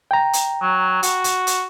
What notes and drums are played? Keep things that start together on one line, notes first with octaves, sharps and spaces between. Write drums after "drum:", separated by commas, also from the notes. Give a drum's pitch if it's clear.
G5 A#5
drum: hi-hat
F#3
F#4, drum: hi-hat
drum: hi-hat
drum: hi-hat